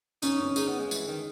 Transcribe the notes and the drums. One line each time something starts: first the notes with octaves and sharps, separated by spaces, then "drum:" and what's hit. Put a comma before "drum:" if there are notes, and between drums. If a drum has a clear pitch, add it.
C#4 D#4, drum: tambourine
C#4
D#4 G#4, drum: tambourine
B3
G#3
E3, drum: tambourine
D#3